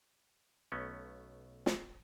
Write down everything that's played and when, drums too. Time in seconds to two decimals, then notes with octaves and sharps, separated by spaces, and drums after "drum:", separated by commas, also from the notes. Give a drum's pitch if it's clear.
0.72 B1 A3 B3 C#4
1.66 drum: snare